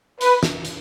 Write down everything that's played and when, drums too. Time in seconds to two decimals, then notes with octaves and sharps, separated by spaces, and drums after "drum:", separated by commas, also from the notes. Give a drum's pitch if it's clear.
0.21 B4, drum: hi-hat
0.43 drum: snare
0.65 drum: hi-hat